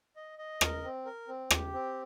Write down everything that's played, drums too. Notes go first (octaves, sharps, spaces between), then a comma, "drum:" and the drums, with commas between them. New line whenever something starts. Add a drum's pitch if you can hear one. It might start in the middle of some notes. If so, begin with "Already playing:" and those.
D#5
D#5
A#4, drum: rim click
C4
A#4
C4
G4, drum: rim click
C4